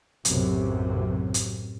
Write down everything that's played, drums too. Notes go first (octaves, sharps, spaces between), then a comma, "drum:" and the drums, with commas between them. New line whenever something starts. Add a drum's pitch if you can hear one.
B1 F#2 A2 C3, drum: hi-hat
drum: hi-hat